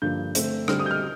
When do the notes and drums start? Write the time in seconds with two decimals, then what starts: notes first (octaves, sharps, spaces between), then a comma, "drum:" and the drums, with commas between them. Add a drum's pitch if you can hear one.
0.02 G2 D3 F3 A#3 G6
0.35 D3 A3 C4, drum: hi-hat
0.68 D3 G3 C4 F6, drum: rim click
0.80 D#6
0.86 G6
0.91 F6